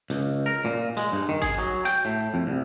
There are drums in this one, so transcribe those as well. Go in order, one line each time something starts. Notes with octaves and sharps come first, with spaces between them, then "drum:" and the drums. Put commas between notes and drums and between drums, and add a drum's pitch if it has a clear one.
C#2, drum: hi-hat
A#4
A#2
G#3, drum: hi-hat
G2
D#3
G#4, drum: kick G#1, hi-hat
F#3
G5, drum: hi-hat
A2
F2
C2